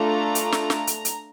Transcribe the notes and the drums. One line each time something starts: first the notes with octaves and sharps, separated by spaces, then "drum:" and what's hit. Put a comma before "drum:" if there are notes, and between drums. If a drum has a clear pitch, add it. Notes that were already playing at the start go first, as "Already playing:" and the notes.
Already playing: A3 D4 F4 A4 A#5
drum: hi-hat
drum: snare
drum: snare
drum: hi-hat
drum: hi-hat